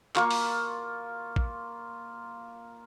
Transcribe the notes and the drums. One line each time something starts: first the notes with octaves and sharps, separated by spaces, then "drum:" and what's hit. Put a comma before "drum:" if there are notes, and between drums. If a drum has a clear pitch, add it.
A#3 F4 C#6, drum: clap
drum: open hi-hat
drum: kick